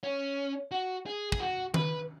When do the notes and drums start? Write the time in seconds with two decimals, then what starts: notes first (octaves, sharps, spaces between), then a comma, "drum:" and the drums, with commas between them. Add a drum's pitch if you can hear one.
0.03 C#4
0.71 F#4
1.06 G#4
1.32 G#4, drum: kick
1.40 F#4
1.74 B4, drum: tom D#3